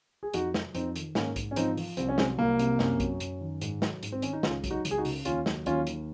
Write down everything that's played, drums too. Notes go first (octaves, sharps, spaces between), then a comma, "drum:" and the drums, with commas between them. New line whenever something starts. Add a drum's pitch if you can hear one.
G#4
F2 D#4 F#4, drum: hi-hat
F#3, drum: snare
F2 C4 D#4, drum: hi-hat
D#3, drum: hi-hat
G#2 A#3 C#4, drum: snare
G#2, drum: kick A#1, hi-hat
C#4
F3 C4 D#4, drum: hi-hat
F3, drum: open hi-hat
C2 C4, drum: hi-hat
C#4
F#3 G#3 C4, drum: snare
C2 A#3
C3, drum: hi-hat
F#2, drum: snare
F#3, drum: kick A#1, hi-hat
F#2, drum: hi-hat
D#3
G#2, drum: hi-hat
F#3, drum: snare
G#2, drum: hi-hat
C4
D#3 C#4, drum: hi-hat
D#4
C#2 C#4 F4, drum: snare
F#3, drum: kick A#1, hi-hat
D#4 F#4
C#2, drum: hi-hat
G#4
D#4 F#4
C#3, drum: open hi-hat
D#2 C#4 F4, drum: hi-hat
F#3, drum: snare
D#2 C#4 F4, drum: hi-hat
D#3, drum: hi-hat